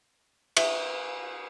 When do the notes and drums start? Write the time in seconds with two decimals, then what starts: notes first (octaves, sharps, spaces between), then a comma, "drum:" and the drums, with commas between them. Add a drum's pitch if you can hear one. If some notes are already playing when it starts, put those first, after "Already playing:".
0.57 E5, drum: cymbal